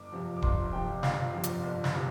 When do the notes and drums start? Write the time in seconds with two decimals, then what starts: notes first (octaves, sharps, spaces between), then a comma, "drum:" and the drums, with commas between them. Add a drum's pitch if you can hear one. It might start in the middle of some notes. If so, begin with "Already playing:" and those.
Already playing: G1 D6
0.12 F2 C3 F3
0.37 D6
0.42 G1 C6, drum: kick D#1
0.72 F2 C3 F3 G5
1.03 G1 F5, drum: snare
1.33 F2 C3 F3
1.43 drum: hi-hat
1.64 G1
1.84 drum: snare
1.95 C3 F3